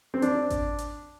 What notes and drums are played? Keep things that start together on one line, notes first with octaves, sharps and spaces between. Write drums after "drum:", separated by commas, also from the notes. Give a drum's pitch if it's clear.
C4
D4, drum: hi-hat
drum: kick G#1, hi-hat
drum: hi-hat